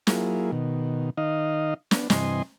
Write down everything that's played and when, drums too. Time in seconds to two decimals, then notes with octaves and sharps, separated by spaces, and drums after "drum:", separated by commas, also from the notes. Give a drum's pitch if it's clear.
0.07 F#3 A#3 E4 F4 G#4, drum: snare
0.52 B2 D#3
1.17 D#3 D#4 D#5 F5
1.91 B3 D4, drum: snare
2.10 G2 C3 E3 D#5 G#5 C6, drum: snare